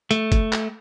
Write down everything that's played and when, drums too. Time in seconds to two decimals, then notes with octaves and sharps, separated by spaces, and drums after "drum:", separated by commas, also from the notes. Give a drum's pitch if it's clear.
0.11 A3, drum: hi-hat
0.32 drum: kick G1, hi-hat
0.53 drum: clap